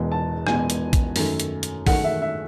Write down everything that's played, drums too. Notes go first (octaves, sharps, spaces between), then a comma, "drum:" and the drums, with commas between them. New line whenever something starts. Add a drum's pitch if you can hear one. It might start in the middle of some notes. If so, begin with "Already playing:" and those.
Already playing: E1 E2 B2 G#3 B3
A5
E1 E2 B2 G#3 B3 G#5, drum: rim click
drum: hi-hat
drum: kick, hi-hat
F#2 D#3 A3, drum: open hi-hat
drum: hi-hat
drum: hi-hat
F#2 D#3 A3 F#5, drum: kick, open hi-hat
E5
E5